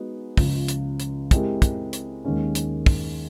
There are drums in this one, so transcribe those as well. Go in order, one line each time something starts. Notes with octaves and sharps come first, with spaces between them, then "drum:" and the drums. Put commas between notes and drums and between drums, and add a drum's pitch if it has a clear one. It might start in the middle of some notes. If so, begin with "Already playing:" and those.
Already playing: G#3 B3 D#4 F#4
C#2 C#3 F3, drum: kick, open hi-hat
drum: hi-hat
drum: hi-hat
G#3 C4 E4 G4 A#4, drum: kick, hi-hat
drum: kick, hi-hat
drum: hi-hat
D#2 D#3 G#3 C#4
drum: hi-hat
drum: kick, open hi-hat